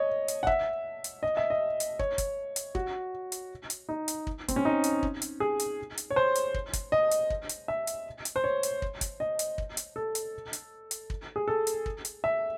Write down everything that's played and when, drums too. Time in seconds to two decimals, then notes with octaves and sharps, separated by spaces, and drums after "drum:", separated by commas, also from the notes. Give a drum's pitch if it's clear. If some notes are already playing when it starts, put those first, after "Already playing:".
Already playing: C#5 D#5
0.28 drum: hi-hat
0.43 F#5
0.47 E5, drum: kick
1.04 drum: hi-hat
1.23 D#5
1.37 E5
1.50 D#5
1.80 drum: hi-hat
1.99 C#5, drum: kick
2.18 drum: kick, hi-hat
2.56 drum: hi-hat
2.75 F#4, drum: kick
3.32 drum: hi-hat
3.70 drum: hi-hat
3.89 D#4
4.08 drum: hi-hat
4.27 drum: kick
4.48 C4, drum: kick, hi-hat
4.56 C#4
4.65 D#4
4.84 drum: hi-hat
5.03 drum: kick
5.22 drum: hi-hat
5.40 G#4
5.60 drum: hi-hat
5.97 drum: hi-hat
6.11 C#5
6.16 C5
6.35 drum: hi-hat
6.54 drum: kick
6.73 drum: kick, hi-hat
6.92 D#5
7.11 drum: hi-hat
7.30 drum: kick
7.49 drum: hi-hat
7.68 E5
7.87 drum: hi-hat
8.25 drum: hi-hat
8.36 C5
8.44 C#5
8.63 drum: hi-hat
8.82 drum: kick
9.01 drum: kick, hi-hat
9.20 D#5
9.39 drum: hi-hat
9.58 drum: kick
9.77 drum: hi-hat
9.96 A4
10.15 drum: hi-hat
10.53 drum: hi-hat
10.91 drum: hi-hat
11.10 drum: kick
11.36 G#4
11.48 A4
11.67 drum: hi-hat
11.86 drum: kick
12.05 drum: hi-hat
12.24 E5